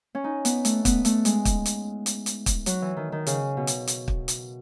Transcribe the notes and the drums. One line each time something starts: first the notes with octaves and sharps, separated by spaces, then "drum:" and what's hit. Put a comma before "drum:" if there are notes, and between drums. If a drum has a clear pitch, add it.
C#4
D#4
B3, drum: hi-hat
A3, drum: hi-hat
B3, drum: kick, hi-hat
A3, drum: hi-hat
G#3, drum: hi-hat
drum: kick, hi-hat
drum: hi-hat
drum: hi-hat
drum: hi-hat
drum: kick, hi-hat
F#3, drum: hi-hat
E3
D#3
D#3
C#3, drum: hi-hat
B2
drum: hi-hat
drum: hi-hat
drum: kick
drum: hi-hat